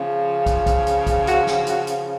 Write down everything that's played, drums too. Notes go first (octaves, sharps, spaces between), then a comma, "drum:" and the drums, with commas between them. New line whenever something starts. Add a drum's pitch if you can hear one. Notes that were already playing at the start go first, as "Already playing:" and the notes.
Already playing: C#3 F3
drum: kick, hi-hat
drum: kick, hi-hat
drum: hi-hat
drum: kick, hi-hat
F#4, drum: hi-hat
drum: snare
F#4, drum: hi-hat
drum: hi-hat